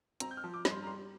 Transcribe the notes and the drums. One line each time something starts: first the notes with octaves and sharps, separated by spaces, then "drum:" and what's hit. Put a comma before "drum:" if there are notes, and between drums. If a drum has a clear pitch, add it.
C4 A#5, drum: hi-hat
G6
F6
F3
D6
G2, drum: snare
C6
A#5
G3 C6